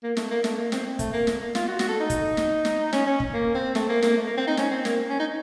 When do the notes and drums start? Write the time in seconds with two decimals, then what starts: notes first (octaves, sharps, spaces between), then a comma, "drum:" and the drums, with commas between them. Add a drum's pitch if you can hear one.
0.03 A#3
0.17 A3, drum: snare
0.31 A#3
0.44 A3, drum: snare
0.58 A#3
0.72 C4, drum: snare
0.99 A3, drum: kick, hi-hat
1.13 A#3
1.27 drum: snare
1.40 A#3
1.55 F4, drum: snare
1.68 F#4
1.79 F#4, drum: snare
1.88 A4
2.00 D#4
2.10 drum: kick, hi-hat
2.37 drum: snare
2.65 drum: snare
2.93 C#4, drum: snare
3.06 C#4
3.20 drum: kick
3.33 A#3
3.55 C4
3.75 A3, drum: snare
3.89 A#3
4.02 A#3, drum: snare
4.17 A3
4.27 A#3
4.37 C4
4.47 D#4
4.57 C#4, drum: snare
4.71 C4
4.85 A#3, drum: snare
5.09 C#4
5.19 D#4